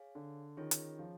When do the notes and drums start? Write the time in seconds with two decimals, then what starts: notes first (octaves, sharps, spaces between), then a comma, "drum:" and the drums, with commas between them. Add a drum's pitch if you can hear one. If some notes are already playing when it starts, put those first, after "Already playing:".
Already playing: G#4 C#5 F5 G#5
0.15 D3
0.57 D#3 C#4 F4 G#4 C#5
0.71 drum: hi-hat
0.99 F3